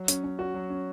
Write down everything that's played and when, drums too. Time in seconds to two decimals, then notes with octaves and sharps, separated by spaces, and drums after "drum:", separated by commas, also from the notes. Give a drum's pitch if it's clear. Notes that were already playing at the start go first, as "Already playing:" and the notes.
Already playing: F#3
0.08 C#4, drum: hi-hat
0.24 C#4
0.39 F#4
0.54 F#3
0.70 C#4